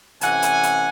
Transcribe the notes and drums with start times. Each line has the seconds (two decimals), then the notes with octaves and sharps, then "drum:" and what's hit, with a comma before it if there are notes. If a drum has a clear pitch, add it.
0.21 C3 E3 A3 C#4 F#5 G#5, drum: hi-hat
0.42 drum: hi-hat
0.63 drum: hi-hat